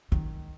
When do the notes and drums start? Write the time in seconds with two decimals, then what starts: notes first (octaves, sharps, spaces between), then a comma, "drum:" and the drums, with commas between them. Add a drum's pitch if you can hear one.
0.12 D#3, drum: kick